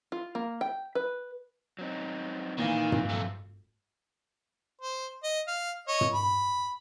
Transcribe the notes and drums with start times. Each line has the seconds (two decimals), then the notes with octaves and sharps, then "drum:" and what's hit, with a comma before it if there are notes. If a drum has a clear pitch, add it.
0.12 F4
0.35 A#3
0.61 G5
0.95 B4
1.79 F#3 C4 D#4
2.58 F2 A#2 D#3 E3 F5
2.92 drum: tom
3.09 F#3 A3
4.82 C5
5.24 D#5
5.48 F5
5.88 C#5 D#5
6.01 drum: tom
6.14 B5